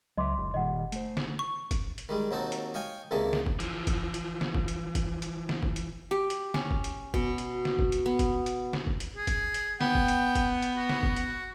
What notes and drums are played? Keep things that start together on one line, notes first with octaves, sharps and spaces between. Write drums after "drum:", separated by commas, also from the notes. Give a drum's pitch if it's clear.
C#2 F#3 D#5 E5 C6 D6
F#1 C#2
A#2 D#3 G3 D#5 F#5
A3 C5, drum: hi-hat
drum: snare
C#6
drum: kick, hi-hat
drum: hi-hat
D#3 G3 G#3
D#2 F#3 C4 D#4 A5
drum: hi-hat
C#5 D#5 F5 G5 G#5
C#2 C3 D#3 A#3 G#4 A5
drum: snare
drum: kick
E3 F3, drum: hi-hat
drum: kick, hi-hat
drum: hi-hat
drum: snare
drum: kick
drum: hi-hat
drum: kick, hi-hat
drum: hi-hat
drum: snare
drum: kick
drum: hi-hat
G4
drum: hi-hat
C#4, drum: snare
drum: kick
drum: hi-hat
B2, drum: kick
drum: hi-hat
drum: snare
drum: kick
drum: hi-hat
B3
drum: kick, hi-hat
drum: hi-hat
drum: snare
drum: kick
drum: hi-hat
G#4
drum: kick, hi-hat
drum: hi-hat
B3 G5, drum: snare
drum: kick
drum: hi-hat
drum: kick, hi-hat
drum: hi-hat
F#4
drum: snare
drum: kick
drum: hi-hat